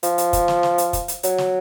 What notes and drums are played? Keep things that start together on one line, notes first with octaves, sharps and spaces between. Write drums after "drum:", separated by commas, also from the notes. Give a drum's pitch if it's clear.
F3, drum: hi-hat
drum: hi-hat
drum: kick, hi-hat
drum: snare
drum: snare
drum: hi-hat
drum: kick, hi-hat
drum: hi-hat
F#3, drum: hi-hat
drum: snare